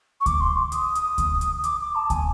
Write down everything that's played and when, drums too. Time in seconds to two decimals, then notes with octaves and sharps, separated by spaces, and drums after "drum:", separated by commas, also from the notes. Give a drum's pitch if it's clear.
0.20 C#6
0.26 D6, drum: kick D2, hi-hat
0.40 C6
0.57 D6
0.72 D#6, drum: hi-hat
0.95 D#6, drum: hi-hat
1.18 drum: kick D2, hi-hat
1.41 drum: hi-hat
1.64 D6, drum: hi-hat
1.80 D6
1.95 A5
2.10 G#5, drum: kick D2, hi-hat